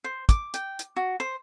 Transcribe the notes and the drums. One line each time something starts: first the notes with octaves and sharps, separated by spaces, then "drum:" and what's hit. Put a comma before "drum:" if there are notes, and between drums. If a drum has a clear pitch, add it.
C5
D6, drum: kick, hi-hat
G5, drum: hi-hat
drum: hi-hat
F#4
C5